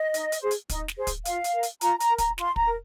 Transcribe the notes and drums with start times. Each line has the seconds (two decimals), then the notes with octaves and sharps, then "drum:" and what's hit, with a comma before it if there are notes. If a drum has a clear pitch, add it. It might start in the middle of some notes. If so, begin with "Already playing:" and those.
Already playing: D#5
0.14 D#4, drum: hi-hat
0.32 drum: hi-hat
0.41 G#4 C5
0.51 drum: hi-hat
0.70 D#4, drum: kick, hi-hat
0.88 drum: snare
0.97 G#4 C5
1.07 drum: kick, hi-hat
1.25 F4 F5, drum: hi-hat
1.44 drum: hi-hat
1.53 A#4
1.63 drum: hi-hat
1.81 F4 A#5, drum: hi-hat
2.00 A#5, drum: hi-hat
2.10 A#4
2.18 A#5, drum: kick, hi-hat
2.38 F4 C6, drum: snare
2.56 A#5, drum: kick
2.66 A#4